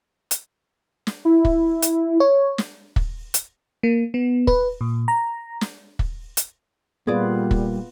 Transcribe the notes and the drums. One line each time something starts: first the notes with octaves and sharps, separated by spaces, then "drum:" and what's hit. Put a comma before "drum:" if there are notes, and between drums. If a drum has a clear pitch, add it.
drum: hi-hat
drum: snare
E4
drum: kick
drum: hi-hat
C#5
drum: snare
drum: kick
drum: hi-hat
A#3
B3
B4, drum: kick
A#2
A#5
drum: snare
drum: kick
drum: hi-hat
A#2 G3 B3 F4 G#4 B4 D5
drum: kick